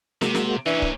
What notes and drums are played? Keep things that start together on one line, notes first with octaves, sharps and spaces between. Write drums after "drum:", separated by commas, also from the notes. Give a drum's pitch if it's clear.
C3 G#3 A#3 F#4, drum: snare
drum: snare
A#2 E3 C#4 D4
drum: kick